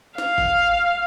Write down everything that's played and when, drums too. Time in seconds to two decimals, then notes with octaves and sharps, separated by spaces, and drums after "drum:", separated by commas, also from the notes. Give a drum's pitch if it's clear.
0.18 F5, drum: snare
0.38 drum: kick G#1